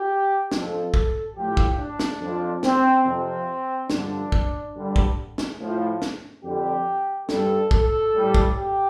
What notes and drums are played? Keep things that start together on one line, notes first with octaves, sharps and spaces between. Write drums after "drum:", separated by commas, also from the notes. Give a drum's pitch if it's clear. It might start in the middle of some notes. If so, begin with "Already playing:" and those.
Already playing: G4
F2 F3 A4, drum: snare
drum: kick
A2 F3 G4
drum: kick
D4
drum: snare
F2 F3
C4, drum: snare
F2 C3 F3 C4
G2 D3 F3 D4, drum: snare
drum: kick
G2 D3 G3
drum: kick
drum: snare
A2 F3
drum: snare
F2 D3 G3 G4
G2 G3 A4, drum: snare
A4, drum: kick
A2 G3
drum: kick
G4